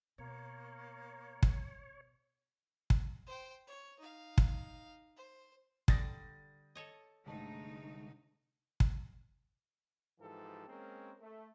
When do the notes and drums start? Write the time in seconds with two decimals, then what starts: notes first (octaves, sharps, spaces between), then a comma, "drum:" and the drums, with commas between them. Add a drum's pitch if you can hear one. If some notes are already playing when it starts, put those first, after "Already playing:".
0.18 B2 A#3 C#5
1.43 drum: kick
2.90 drum: kick
3.27 C5 G5
3.68 C#5
3.99 D#4 F5
4.38 drum: kick
5.17 C5
5.88 D3 G3 D5 D#6 A6 A#6, drum: kick
6.75 A4 C#5 D#5
7.26 G1 C3 G#3 A3 D#4 A5
8.80 drum: kick
10.20 G#2 E3 F3 G4 A4
10.67 G#3 A#3 C4 C#4 A#4
11.21 A3